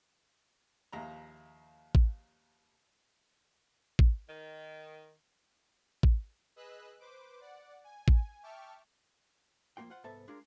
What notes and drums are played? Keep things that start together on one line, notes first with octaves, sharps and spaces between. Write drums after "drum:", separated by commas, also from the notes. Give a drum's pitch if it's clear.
A#1 D#2 E5 A#5
drum: kick
drum: kick
D#3
drum: kick
G#4 B4 D#5 E6 F#6
B4 C5 D6
D5 F#5
G#5
drum: kick
E5 G5 A5 C#6 D6 F6
F2 F3 A#3 F4 G5
F4 C5 F#5
C2 G#2 B3 A4 E5 A5
G#3 D4 F4 G#4 A#4